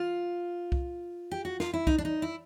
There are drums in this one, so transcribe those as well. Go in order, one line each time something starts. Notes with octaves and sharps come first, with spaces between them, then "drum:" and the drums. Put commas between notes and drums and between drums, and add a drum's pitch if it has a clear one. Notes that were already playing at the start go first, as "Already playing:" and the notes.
Already playing: F4
drum: kick C2
G4
F#4
F4, drum: snare
E4
D#4, drum: kick C2
D4
D#4
E4